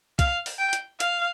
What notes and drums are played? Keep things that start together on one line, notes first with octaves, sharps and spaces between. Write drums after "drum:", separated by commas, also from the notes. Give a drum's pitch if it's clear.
F5, drum: kick, hi-hat
drum: open hi-hat
G5
drum: hi-hat
F5, drum: hi-hat